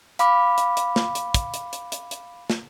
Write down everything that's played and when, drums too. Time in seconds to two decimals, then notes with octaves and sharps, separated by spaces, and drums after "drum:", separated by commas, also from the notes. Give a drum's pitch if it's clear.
0.19 F5 B5 D6, drum: hi-hat
0.58 drum: hi-hat
0.77 drum: hi-hat
0.96 drum: snare
1.15 drum: hi-hat
1.34 drum: kick, hi-hat
1.54 drum: hi-hat
1.73 drum: hi-hat
1.92 drum: hi-hat
2.11 drum: hi-hat
2.50 drum: snare